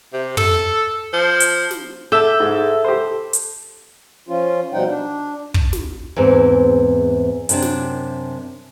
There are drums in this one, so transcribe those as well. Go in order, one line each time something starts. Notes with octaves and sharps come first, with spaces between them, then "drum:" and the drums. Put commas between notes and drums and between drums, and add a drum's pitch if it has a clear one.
C3
A4, drum: tom
F3
drum: hi-hat
drum: snare
A4 E5 D6 E6 G6
G#2 G#3
G4 C5
drum: hi-hat
F3 C#4 F4
B2 F3 G3 D#4 F#5 G5
D4
drum: kick
drum: snare
E2 G#2 C4
F#2 C3 D4, drum: hi-hat
drum: snare